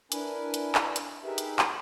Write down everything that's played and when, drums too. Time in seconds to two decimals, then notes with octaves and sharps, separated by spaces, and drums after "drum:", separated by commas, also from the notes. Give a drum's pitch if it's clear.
0.12 D4 E4 A#4 B4 G#5, drum: hi-hat
0.54 drum: hi-hat
0.75 drum: clap
0.96 drum: hi-hat
1.24 D#4 G4 G#4 A#4 B4 E5
1.38 drum: hi-hat
1.59 drum: clap